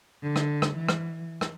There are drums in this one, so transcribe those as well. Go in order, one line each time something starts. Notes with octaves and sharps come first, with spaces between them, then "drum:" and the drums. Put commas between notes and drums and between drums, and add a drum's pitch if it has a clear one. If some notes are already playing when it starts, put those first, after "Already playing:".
D3
drum: rim click
drum: rim click
E3
drum: rim click
drum: rim click